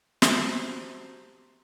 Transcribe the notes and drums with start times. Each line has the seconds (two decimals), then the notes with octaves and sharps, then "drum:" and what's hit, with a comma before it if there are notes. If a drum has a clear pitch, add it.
0.22 F#4 G4 C5 A5 A#5 C6, drum: snare